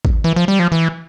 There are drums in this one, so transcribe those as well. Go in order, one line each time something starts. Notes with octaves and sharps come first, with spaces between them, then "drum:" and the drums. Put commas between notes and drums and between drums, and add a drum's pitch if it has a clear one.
drum: kick
E3
F3
G3
F3
E3